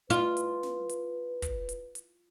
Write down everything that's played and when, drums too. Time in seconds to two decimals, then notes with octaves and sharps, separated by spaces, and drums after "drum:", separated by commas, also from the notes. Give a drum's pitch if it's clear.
0.10 F4 B4, drum: hi-hat
0.37 drum: hi-hat
0.63 drum: snare
0.89 drum: hi-hat
1.42 drum: kick, hi-hat
1.69 drum: hi-hat
1.95 drum: hi-hat